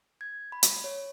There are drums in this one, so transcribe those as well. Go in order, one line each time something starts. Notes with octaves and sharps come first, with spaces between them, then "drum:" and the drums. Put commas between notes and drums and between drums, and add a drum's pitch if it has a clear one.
G#6
B5
drum: hi-hat
C#5